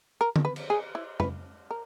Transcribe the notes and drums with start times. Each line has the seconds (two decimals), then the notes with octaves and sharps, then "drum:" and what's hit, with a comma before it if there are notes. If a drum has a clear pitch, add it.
0.21 A#4
0.36 drum: tom D3
0.45 B4
0.56 drum: cymbal
0.70 G#4
0.95 E4
1.20 B4, drum: tom F2
1.71 A#4